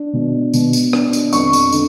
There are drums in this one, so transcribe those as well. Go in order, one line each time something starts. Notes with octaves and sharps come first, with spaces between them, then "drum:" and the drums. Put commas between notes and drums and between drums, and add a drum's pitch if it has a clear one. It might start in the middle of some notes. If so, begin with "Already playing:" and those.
Already playing: D4
B2
B2, drum: tambourine
drum: tambourine
D4, drum: rim click
drum: tambourine
F2 C#6, drum: tambourine
drum: tambourine
D3, drum: tambourine